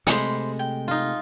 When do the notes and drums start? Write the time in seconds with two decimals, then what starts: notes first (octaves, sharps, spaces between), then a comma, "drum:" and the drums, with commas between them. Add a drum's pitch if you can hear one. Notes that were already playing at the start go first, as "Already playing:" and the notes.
0.07 C3 G#3 A3 C5 B5 D6, drum: hi-hat
0.59 G5
0.88 D#4 F4